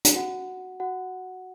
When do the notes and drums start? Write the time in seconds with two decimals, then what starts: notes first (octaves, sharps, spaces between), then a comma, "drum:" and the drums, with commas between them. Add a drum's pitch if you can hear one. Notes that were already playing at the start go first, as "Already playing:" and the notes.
0.05 drum: hi-hat
0.16 F#4 F#5
0.80 F#4 F#5